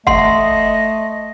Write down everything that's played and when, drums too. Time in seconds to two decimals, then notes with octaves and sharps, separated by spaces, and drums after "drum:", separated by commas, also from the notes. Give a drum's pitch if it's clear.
0.07 A3 D#5 F#5 C6, drum: kick